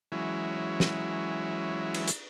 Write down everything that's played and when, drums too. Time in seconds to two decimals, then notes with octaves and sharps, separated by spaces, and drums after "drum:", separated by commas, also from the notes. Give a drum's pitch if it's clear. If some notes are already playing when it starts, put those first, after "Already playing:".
0.12 E3 F#3 G#3 C#4 E4
0.80 drum: snare
1.94 drum: cymbal
2.08 drum: hi-hat